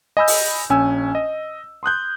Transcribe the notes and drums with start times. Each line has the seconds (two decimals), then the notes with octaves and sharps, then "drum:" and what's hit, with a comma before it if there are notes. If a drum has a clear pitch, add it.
0.17 D#5 G#5 B5 E6 G6
0.28 drum: open hi-hat
0.70 A#1 C#4 G#5 E6
1.15 D#5
1.83 C6 D#6 F#6 G6